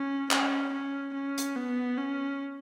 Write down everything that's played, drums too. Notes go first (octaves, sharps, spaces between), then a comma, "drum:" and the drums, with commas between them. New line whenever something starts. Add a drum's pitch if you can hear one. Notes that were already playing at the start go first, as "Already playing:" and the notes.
Already playing: C#4
C#4, drum: clap
C#4
C#4
drum: hi-hat
B3
C#4